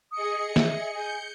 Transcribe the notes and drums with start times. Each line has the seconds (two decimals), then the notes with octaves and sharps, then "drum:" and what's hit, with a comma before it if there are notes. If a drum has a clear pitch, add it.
0.12 G#4 D#5 D#6 C#7
0.56 E5, drum: snare
0.95 G#5 G6 C#7